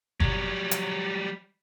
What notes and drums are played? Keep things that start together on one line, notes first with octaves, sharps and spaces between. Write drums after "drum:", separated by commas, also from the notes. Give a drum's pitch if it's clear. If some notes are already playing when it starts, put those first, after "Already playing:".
F#3 G3, drum: kick G1
drum: hi-hat